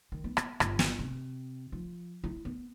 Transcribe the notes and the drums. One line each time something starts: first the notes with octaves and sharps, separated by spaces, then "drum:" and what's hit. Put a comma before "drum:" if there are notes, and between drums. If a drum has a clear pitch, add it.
D#3
B3
drum: rim click
G1, drum: rim click
drum: snare
C3
F3
E4
B3